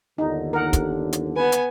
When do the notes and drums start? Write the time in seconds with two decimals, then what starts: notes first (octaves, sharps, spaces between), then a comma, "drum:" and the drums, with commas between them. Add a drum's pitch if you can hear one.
0.18 G1 D#2 D3 D#4
0.53 A#4 F#5
0.73 drum: kick, hi-hat
1.13 drum: hi-hat
1.36 B3 B4 G#5
1.52 drum: hi-hat